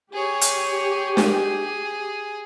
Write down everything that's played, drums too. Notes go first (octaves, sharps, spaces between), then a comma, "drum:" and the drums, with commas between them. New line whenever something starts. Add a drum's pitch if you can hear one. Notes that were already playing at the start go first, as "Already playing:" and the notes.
G4 G#4 C#5
drum: hi-hat
G#4, drum: snare